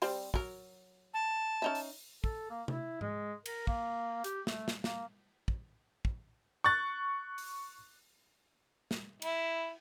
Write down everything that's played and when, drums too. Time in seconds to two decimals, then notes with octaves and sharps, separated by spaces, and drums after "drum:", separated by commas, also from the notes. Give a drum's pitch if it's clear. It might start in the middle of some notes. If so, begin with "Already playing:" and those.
0.02 G3 C4 C5, drum: open hi-hat
0.34 F#3 A#4, drum: kick
1.14 A5
1.62 C#4 D#4 E5
1.75 drum: open hi-hat
2.24 A4, drum: kick
2.50 A#3
2.68 E4, drum: tom C3
3.01 G#3, drum: tom G#2
3.46 A#4, drum: cymbal
3.67 A#3, drum: kick
4.24 G4, drum: hi-hat
4.47 A3, drum: snare
4.68 drum: snare
4.84 A#3, drum: snare
5.48 drum: kick
6.05 drum: kick
6.64 C#6 F#6 A6
7.38 drum: open hi-hat
8.91 drum: snare
9.22 E4, drum: cymbal